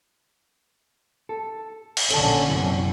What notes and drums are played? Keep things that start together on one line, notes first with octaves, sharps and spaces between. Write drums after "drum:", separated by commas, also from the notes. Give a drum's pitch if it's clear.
A4
drum: cymbal
A#1 D3 C#4 A4 D5 A5, drum: hi-hat
F#2 C3 E3